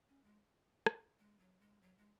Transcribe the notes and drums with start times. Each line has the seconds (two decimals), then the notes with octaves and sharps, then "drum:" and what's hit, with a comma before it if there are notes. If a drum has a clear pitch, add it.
0.09 C#4
0.24 G#3
0.86 drum: rim click
1.19 G#3
1.39 F#3
1.60 G#3
1.82 F#3
1.98 G#3